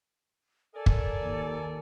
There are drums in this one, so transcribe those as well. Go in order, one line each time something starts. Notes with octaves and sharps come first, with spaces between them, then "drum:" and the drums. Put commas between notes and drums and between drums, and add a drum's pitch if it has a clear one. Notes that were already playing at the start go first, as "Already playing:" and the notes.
A4 A#4 D5 G#5 A5
drum: kick
D#2